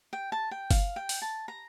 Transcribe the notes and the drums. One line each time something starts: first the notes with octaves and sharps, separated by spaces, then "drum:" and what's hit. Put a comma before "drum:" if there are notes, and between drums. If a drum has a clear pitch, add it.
G5
A5
G5
F5, drum: kick F#1, open hi-hat
G5
drum: open hi-hat
A5
A#5